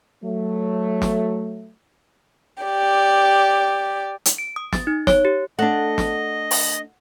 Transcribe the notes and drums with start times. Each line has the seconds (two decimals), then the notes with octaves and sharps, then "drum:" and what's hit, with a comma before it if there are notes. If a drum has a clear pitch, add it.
0.24 F#3 A3
1.02 drum: snare
2.64 G4 D5
4.25 drum: hi-hat
4.38 D7
4.56 D#6
4.73 A6, drum: snare
4.87 D#4
5.07 C#5, drum: snare
5.25 G4
5.59 A3 D4 D#5 F#5
5.98 drum: snare
6.51 drum: open hi-hat